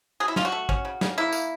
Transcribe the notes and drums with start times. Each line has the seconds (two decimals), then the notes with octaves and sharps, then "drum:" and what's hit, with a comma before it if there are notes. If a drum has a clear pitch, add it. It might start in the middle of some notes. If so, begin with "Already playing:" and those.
0.20 F#3 G#4
0.28 E4
0.36 C#4 F4, drum: snare
0.45 F#4
0.52 A3
0.69 C#4, drum: kick
0.85 C#3
1.01 C#3, drum: snare
1.18 A#3 E4
1.33 A#3, drum: tambourine